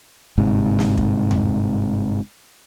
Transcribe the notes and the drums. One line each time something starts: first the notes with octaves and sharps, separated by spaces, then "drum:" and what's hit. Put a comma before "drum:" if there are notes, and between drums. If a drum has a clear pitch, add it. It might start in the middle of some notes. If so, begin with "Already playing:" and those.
G1 G#2 C3
drum: snare
drum: kick
drum: tom E2